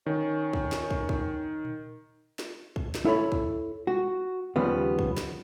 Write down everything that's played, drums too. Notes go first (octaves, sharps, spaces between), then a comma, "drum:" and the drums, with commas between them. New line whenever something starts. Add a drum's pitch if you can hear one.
D#3 C#4
drum: kick
drum: snare
drum: kick
drum: kick
drum: tom A#2
drum: snare
drum: kick
drum: snare
E4 A4 C#5 B5
drum: kick
F#4, drum: tom G3
D#2 C#3 F3 G3 B3
drum: kick
drum: snare